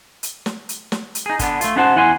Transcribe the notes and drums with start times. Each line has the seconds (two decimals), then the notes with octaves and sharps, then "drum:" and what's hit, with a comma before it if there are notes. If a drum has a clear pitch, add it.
0.23 drum: hi-hat
0.46 drum: snare
0.69 drum: hi-hat
0.92 drum: snare
1.15 drum: hi-hat
1.26 D#4 G#4
1.39 D3 B3 D4, drum: kick G#1, hi-hat
1.61 A3 F4, drum: hi-hat
1.76 C#4 D#4 F#4 C5 F#5 A5
1.96 E2 E4 F#5 G#5 C6